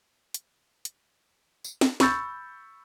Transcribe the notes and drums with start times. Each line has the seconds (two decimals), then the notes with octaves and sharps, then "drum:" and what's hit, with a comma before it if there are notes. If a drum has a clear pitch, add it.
0.34 drum: hi-hat
0.85 drum: hi-hat
1.64 drum: tambourine
1.81 drum: snare
2.00 B5 C#6 E6 G6 A6, drum: snare